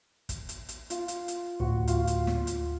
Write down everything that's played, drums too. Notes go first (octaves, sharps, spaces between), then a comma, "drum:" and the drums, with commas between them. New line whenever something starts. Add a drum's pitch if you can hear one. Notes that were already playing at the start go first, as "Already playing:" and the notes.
drum: kick, hi-hat
drum: hi-hat
drum: hi-hat
F4, drum: hi-hat
drum: hi-hat
drum: hi-hat
D2 A2 F#4
F4, drum: hi-hat
drum: hi-hat
drum: snare
drum: hi-hat